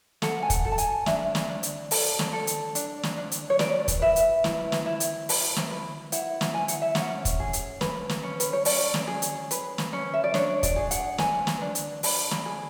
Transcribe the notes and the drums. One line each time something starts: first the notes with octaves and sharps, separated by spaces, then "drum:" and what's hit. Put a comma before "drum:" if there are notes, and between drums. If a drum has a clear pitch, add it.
A4 F#5, drum: snare
G#5
F#5, drum: kick, hi-hat
A4
A5
G#5, drum: hi-hat
D4 E5, drum: snare
drum: snare
D4
drum: hi-hat
A4 D5, drum: open hi-hat
drum: snare
A4
drum: hi-hat
D4, drum: hi-hat
drum: snare
D4
drum: hi-hat
C#5
B4 D5, drum: snare
drum: kick, hi-hat
B4 E5
drum: hi-hat
E4, drum: snare
drum: snare
E4
drum: hi-hat
B4, drum: open hi-hat
drum: snare
B4
E4 F#5, drum: hi-hat
drum: snare
E4 G#5
F#5, drum: hi-hat
E5
C#4 F#5, drum: snare
drum: kick, hi-hat
G#4
drum: hi-hat
B4, drum: snare
drum: snare
C#4
B4, drum: hi-hat
C#5
C#4 D5, drum: open hi-hat
drum: snare
G#4
drum: hi-hat
B4, drum: hi-hat
drum: snare
C#4
E5
D5
D4 C#5, drum: snare
D5, drum: kick, hi-hat
G#4
F#5, drum: hi-hat
B4 G#5, drum: snare
drum: snare
D4
drum: hi-hat
D4 B5, drum: open hi-hat
B5, drum: snare
G#4